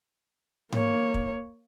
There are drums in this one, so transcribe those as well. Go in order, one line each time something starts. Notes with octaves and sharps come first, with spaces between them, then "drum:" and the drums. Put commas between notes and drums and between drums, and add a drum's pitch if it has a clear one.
A#3 C#5, drum: tom G#2
drum: kick